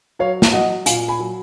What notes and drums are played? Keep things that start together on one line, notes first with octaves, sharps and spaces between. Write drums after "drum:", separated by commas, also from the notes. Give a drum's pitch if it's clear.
F#3 C#5 F5
drum: snare
F#3 D#5 F#5
A#2 F5 G#5, drum: hi-hat
G#5 B5
F#3